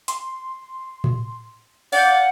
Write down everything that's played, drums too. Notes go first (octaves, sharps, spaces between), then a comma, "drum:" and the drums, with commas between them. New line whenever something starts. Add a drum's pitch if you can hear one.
C6, drum: hi-hat
drum: tom A2
D5 F5 F#5 G6, drum: open hi-hat